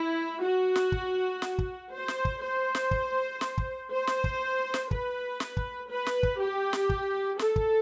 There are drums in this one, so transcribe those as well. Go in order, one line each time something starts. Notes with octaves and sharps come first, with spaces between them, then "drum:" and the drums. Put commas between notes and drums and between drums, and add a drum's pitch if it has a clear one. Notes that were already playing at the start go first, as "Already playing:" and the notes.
Already playing: E4
F#4
drum: snare
drum: kick
drum: snare
drum: kick
C5
drum: snare
drum: kick
C5
drum: snare
drum: kick
drum: snare
drum: kick
C5
drum: snare
drum: kick
drum: snare
B4, drum: kick
drum: snare
drum: kick
B4
drum: snare
drum: kick
G4
drum: snare
drum: kick
A4, drum: snare
drum: kick